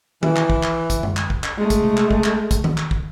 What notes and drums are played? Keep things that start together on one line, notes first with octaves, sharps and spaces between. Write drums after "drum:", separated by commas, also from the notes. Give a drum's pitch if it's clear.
E3, drum: tom D#3
drum: clap
drum: kick
drum: clap
drum: kick, hi-hat
drum: tom F#2
drum: clap
drum: kick
drum: clap
G#3 A3
drum: kick, hi-hat
drum: tom C3
drum: clap
drum: kick
drum: clap
drum: kick, hi-hat
drum: tom D#3
drum: clap
drum: kick